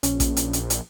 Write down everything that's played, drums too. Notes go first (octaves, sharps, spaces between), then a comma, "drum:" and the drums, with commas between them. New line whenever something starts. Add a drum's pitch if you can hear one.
A#1 C#4, drum: hi-hat
drum: kick A1, hi-hat
drum: hi-hat
drum: hi-hat
drum: hi-hat